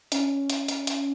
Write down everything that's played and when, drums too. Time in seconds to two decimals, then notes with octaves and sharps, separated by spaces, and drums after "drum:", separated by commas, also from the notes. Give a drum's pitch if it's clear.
0.12 C#4, drum: hi-hat
0.50 drum: hi-hat
0.68 drum: hi-hat
0.87 drum: hi-hat